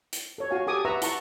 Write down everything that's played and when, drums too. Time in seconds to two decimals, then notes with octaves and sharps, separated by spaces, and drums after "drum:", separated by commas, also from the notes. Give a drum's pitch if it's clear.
0.13 drum: hi-hat
0.38 A4 C#5
0.51 F#4 C#5 F5 G#5
0.67 G4 A4 G#5 D6 D#6
0.85 B4 E5 F#5 A#5 C#6 E6
1.02 E4 F#5 A5 A#5 C#6, drum: hi-hat